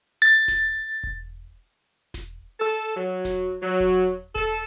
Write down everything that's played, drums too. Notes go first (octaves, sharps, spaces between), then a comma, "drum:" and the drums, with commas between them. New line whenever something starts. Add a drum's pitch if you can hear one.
A6
drum: snare E1
drum: kick E1
drum: snare E1
A4
F#3
drum: snare E1
F#3
drum: kick E1
A4, drum: kick E1